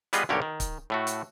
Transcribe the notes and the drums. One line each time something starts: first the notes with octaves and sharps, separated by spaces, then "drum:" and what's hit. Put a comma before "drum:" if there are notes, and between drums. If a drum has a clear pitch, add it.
G3 B3 F4 G#4 B4 D#5, drum: hi-hat
B1 G2 D3 G4 A#4 C#5
D#3
drum: kick C#1, hi-hat
A2 A3 F#4
drum: hi-hat